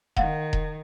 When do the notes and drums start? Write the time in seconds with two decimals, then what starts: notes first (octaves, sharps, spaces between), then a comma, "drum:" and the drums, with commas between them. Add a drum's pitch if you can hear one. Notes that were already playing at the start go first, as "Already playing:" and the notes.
0.17 D#3 F5 F#5, drum: kick E1
0.53 drum: kick E1